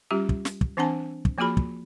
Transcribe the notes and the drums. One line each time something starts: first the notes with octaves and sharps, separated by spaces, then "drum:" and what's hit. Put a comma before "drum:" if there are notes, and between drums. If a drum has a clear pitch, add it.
G3 C#4 F4 G4
drum: kick
drum: snare
drum: kick
E3 C4 D4 F#5 G#5 A5
drum: kick
F3 A#3 F4 F#4 G#4 B5
drum: kick